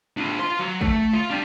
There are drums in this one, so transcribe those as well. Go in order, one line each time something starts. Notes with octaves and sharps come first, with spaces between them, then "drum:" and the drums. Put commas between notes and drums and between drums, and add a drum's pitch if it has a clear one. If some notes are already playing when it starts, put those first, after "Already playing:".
D4 F4
F4 C6, drum: rim click
F#3
A3, drum: kick
F4
D4 G5